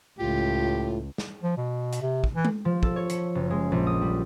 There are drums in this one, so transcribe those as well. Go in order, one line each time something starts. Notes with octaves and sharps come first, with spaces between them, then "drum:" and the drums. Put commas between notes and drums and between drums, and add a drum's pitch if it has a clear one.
C#2 A2 F4 G4
drum: snare
F3
B2
drum: hi-hat
C3
drum: kick
E3
drum: tom G#3
F3
A4, drum: kick
C#5
C#7, drum: hi-hat
F#1
G#3
A#1
D#6
G3